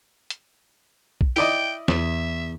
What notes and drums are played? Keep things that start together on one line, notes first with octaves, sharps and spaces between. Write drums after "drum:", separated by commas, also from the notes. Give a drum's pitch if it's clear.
drum: hi-hat
drum: kick B1
E4 D5 D#5 G5, drum: open hi-hat
E2 E5, drum: snare